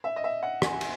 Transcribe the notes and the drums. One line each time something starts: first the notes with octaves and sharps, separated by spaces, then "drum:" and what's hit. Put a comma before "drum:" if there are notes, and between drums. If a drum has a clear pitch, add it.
E5
D#5
E5
F#5
G#5, drum: rim click
drum: cymbal